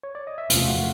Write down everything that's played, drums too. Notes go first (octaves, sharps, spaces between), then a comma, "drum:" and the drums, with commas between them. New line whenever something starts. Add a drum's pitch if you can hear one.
C#5
D5
D#5
E5
E2 C3 F3 A3 C#4 F4 F5, drum: hi-hat
F#4 F#5